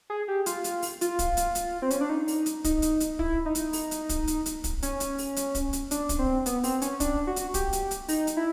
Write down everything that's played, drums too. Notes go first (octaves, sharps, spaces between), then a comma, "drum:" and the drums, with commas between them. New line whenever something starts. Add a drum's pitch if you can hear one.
G#4
G4
F4, drum: hi-hat
drum: hi-hat
drum: open hi-hat
F4, drum: hi-hat
drum: kick, hi-hat
drum: hi-hat
drum: hi-hat
C4
C#4, drum: hi-hat
D4
D#4
drum: open hi-hat
drum: hi-hat
D#4, drum: kick, hi-hat
drum: hi-hat
drum: hi-hat
E4, drum: kick
D#4
drum: hi-hat
drum: open hi-hat
drum: hi-hat
drum: kick, hi-hat
drum: hi-hat
drum: hi-hat
drum: kick, hi-hat
C#4, drum: hi-hat
drum: hi-hat
drum: open hi-hat
drum: hi-hat
drum: kick, hi-hat
drum: hi-hat
D4, drum: hi-hat
drum: kick, hi-hat
C4
B3, drum: hi-hat
C4, drum: open hi-hat
C#4, drum: hi-hat
D4, drum: kick, hi-hat
F#4
drum: hi-hat
G4, drum: kick, hi-hat
drum: hi-hat
drum: hi-hat
D#4, drum: open hi-hat
drum: hi-hat
E4